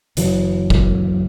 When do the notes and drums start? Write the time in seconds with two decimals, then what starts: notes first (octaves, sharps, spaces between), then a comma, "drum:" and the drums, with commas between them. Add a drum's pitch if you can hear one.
0.17 F#1 E3 F#3, drum: hi-hat
0.70 drum: kick